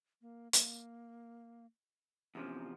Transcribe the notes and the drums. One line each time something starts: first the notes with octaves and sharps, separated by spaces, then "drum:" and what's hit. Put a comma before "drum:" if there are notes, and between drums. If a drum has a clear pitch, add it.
A#3
A#3, drum: hi-hat
E2 C3 F3 C#4